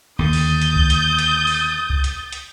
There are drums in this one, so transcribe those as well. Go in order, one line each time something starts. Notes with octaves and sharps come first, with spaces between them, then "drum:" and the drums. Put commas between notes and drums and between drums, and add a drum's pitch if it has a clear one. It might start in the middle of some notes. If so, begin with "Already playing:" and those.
D#2 D3 D#6 G6 A6
drum: open hi-hat
drum: hi-hat
drum: kick C2
drum: hi-hat
drum: hi-hat
drum: open hi-hat
drum: kick C2
drum: hi-hat
drum: hi-hat